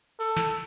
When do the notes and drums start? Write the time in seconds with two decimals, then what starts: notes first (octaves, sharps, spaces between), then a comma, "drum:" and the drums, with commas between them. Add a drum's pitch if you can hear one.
0.20 A4, drum: cymbal
0.37 drum: snare